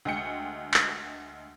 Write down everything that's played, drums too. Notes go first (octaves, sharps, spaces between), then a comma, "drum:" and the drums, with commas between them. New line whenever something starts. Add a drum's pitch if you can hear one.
D2 G#3 G5 C#7
drum: clap